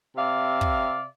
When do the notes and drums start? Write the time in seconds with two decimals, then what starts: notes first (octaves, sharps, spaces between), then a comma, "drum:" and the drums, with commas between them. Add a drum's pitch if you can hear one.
0.16 C3 D5 E5 F5
0.61 drum: kick